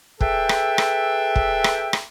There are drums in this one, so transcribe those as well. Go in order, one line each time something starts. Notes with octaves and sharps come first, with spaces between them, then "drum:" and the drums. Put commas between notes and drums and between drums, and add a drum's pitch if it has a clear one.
G#4 A4 B4 E5 G5, drum: kick
drum: rim click
drum: rim click
drum: kick
drum: rim click
drum: rim click